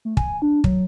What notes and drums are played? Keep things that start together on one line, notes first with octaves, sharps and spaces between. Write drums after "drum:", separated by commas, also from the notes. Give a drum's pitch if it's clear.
A3
G#5, drum: kick
D4
F#3, drum: kick